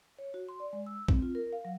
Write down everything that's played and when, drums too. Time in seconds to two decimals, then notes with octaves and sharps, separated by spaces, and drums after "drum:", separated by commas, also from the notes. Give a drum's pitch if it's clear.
0.19 C#5
0.34 F#4
0.49 C6
0.60 D5
0.73 G#3
0.87 E6
1.08 C4, drum: kick A#1
1.22 F4
1.35 A#4
1.53 F5
1.65 F#3